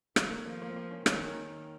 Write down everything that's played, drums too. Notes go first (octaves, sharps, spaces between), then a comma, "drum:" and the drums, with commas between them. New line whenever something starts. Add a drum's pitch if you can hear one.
D#3 A3, drum: rim click
A3
A#3
F3 A#3
A#3
C4
A#3
C#4
D#3 C#4, drum: rim click